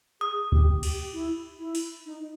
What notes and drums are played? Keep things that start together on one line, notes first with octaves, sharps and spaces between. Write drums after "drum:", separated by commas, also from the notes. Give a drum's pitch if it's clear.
G#4 D#6
G4, drum: kick D2
G4, drum: cymbal
E4
E4
drum: open hi-hat
D#4